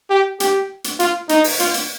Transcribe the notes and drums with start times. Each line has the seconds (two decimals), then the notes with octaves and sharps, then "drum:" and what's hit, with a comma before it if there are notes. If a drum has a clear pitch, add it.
0.10 G4
0.40 G4, drum: hi-hat
0.84 drum: hi-hat
1.00 F4, drum: hi-hat
1.29 D#4, drum: hi-hat
1.44 drum: open hi-hat
1.60 F4, drum: hi-hat
1.74 drum: hi-hat